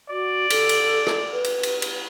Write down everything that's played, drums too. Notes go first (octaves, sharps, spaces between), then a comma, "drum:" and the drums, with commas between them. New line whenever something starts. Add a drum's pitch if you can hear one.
F#4 D5
A4, drum: cymbal
drum: cymbal
drum: rim click
B4
drum: cymbal
drum: cymbal
drum: cymbal